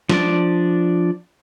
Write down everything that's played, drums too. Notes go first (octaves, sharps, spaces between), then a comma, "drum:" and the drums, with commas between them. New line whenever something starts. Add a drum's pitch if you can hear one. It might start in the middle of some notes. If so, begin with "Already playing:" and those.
F3 D4 D5, drum: snare